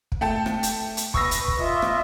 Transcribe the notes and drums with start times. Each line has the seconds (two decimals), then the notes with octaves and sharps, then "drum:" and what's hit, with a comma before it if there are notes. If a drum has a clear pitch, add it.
0.12 drum: kick
0.21 A3 G5 A5
0.46 drum: rim click
0.63 drum: hi-hat
0.97 drum: hi-hat
1.14 B4 C#6 E6 A#6, drum: kick
1.31 drum: hi-hat
1.48 drum: kick
1.59 F4 D#5 E5
1.82 drum: rim click